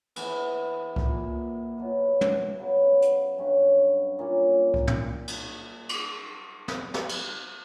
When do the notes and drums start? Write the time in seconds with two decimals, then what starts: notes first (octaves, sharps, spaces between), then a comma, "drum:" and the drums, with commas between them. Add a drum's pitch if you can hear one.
0.16 E3 B3 E4, drum: cymbal
0.96 A#2 A#3 E4, drum: kick C2
1.77 B2 F#3 B3
2.21 drum: tom
2.57 C#3 F#3 B3
3.02 drum: hi-hat
3.38 G2 F#3 C#4
4.19 A#2 A#3 C#4
4.74 drum: kick C2
4.87 drum: tom
5.28 drum: cymbal
5.89 drum: cymbal
6.68 drum: snare
6.94 drum: snare
7.09 drum: cymbal